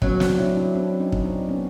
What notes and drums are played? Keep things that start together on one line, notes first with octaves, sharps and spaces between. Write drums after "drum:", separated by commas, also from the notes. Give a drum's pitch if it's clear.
F#3 B3 C#4, drum: kick
C4 D4, drum: snare
D4 E4
D4 E4
C4 D4
C#4 D#4
drum: kick
C4 D4
B3 C#4